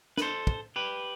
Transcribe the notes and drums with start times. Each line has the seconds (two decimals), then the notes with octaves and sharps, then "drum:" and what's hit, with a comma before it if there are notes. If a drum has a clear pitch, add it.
0.17 B4, drum: snare
0.22 A4 C5
0.47 drum: kick
0.76 G4 B4